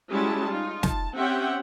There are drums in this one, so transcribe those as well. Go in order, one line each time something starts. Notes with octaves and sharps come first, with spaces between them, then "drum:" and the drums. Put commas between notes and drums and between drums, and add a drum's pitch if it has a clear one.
G3 G#3 C#4 E4 F#4 A5
D#4 F4
A5, drum: snare
C4 C#4 G4 E5 F#5 G5